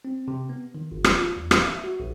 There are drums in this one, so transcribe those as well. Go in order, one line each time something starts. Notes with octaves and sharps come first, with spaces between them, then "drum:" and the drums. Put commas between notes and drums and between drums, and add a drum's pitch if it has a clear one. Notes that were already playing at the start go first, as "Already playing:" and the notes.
C4
C3
B3
D#3
G1
drum: rim click
F4
E2
F5, drum: rim click
E5
F#4
A#1